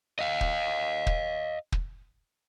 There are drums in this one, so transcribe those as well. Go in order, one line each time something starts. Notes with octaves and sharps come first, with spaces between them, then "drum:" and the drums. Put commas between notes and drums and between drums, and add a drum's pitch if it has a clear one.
D#5 F5
drum: kick
drum: kick
drum: kick